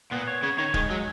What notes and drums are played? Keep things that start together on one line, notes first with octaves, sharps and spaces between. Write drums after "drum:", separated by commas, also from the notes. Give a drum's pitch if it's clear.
A#2 B3
C#5
C#3 C#5
D#3 C#5
D#3 G#3, drum: kick
F#3 G#3